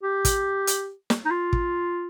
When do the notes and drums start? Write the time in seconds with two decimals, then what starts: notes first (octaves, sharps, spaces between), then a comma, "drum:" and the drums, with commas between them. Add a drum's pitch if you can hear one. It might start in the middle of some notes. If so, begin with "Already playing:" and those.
0.03 G4
0.25 drum: kick, hi-hat
0.67 drum: hi-hat
1.10 drum: snare
1.25 D#4
1.31 F4
1.53 drum: kick